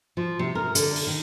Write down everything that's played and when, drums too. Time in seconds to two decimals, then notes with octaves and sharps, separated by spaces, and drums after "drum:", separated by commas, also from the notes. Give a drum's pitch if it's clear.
0.17 F3
0.39 C3
0.55 A#4
0.75 D3, drum: hi-hat
0.96 drum: open hi-hat
1.07 D#3